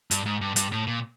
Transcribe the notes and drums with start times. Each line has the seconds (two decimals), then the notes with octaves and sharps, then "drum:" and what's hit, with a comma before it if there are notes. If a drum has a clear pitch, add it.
0.11 G2, drum: hi-hat
0.26 G#2
0.41 G2
0.56 G2, drum: hi-hat
0.72 A2
0.87 A#2